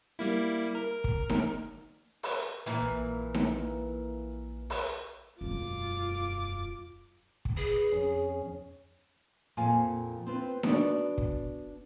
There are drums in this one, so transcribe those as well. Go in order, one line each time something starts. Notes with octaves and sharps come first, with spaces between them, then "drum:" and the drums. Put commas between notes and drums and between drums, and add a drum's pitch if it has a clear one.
G3 A#3 E4
A#4
drum: kick
drum: snare D#4
drum: open hi-hat
A#2 E3, drum: hi-hat
A#1
drum: snare D#4
drum: open hi-hat
E1 F#2 F4 D6
drum: kick
G#4 B4
F2 C#4
F2 A#2 F4 F5 G#5
C4 F4 B4
B3 D4 E4 F#4 D5, drum: snare D#4
drum: kick